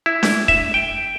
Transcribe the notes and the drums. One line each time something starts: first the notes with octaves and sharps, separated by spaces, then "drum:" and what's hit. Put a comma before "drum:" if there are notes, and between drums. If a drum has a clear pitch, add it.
E4
drum: snare D4
E5, drum: kick
G5